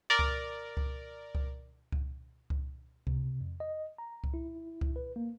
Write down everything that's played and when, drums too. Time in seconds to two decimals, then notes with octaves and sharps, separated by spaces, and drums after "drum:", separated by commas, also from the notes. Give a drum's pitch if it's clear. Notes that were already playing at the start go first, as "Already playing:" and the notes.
0.10 A#4 D5
0.19 drum: kick C#2
0.77 drum: kick C#2
1.35 drum: kick C#2
1.92 drum: kick C#2
2.50 drum: kick C#2
3.07 C3, drum: kick C#2
3.41 F2
3.60 D#5
3.98 A#5
4.24 drum: kick C#2
4.34 E4
4.81 drum: kick C#2
4.96 B4
5.16 A#3